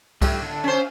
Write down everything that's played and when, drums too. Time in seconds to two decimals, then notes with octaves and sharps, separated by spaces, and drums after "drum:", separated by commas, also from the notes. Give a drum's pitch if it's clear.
0.21 G3 A3 G4, drum: kick C2, cymbal
0.42 D3 D4
0.64 C#4 C5
0.77 F5